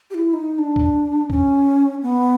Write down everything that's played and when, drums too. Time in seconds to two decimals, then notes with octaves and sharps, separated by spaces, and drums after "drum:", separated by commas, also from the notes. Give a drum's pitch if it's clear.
0.10 G4
0.14 E4
0.34 D#4
0.59 D4
0.76 drum: kick C#2
1.30 C#4, drum: kick C#2
2.02 B3